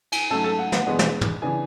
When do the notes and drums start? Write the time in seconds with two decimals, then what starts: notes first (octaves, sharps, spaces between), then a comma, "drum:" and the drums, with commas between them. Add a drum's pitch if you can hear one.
0.12 G#5, drum: cymbal
0.30 G#2 F#3 A3 C#4 A4 A5
0.44 A4 A5
0.59 F#5
0.72 F#5, drum: snare
0.86 E2 B2 G#3 B3 D4
0.99 drum: snare
1.21 drum: tom
1.42 C#3 E3 B3 D4 G#5